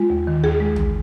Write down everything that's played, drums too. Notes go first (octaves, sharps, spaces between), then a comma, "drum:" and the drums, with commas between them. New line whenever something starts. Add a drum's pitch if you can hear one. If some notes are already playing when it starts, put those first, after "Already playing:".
Already playing: G#3 F4
D#2
D#3
D#2 G#4
G#3
drum: tom